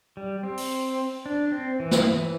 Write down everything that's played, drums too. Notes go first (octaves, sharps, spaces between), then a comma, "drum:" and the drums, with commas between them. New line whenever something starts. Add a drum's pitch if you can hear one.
G3
C4
drum: open hi-hat
D4
C4
E3
drum: snare
E3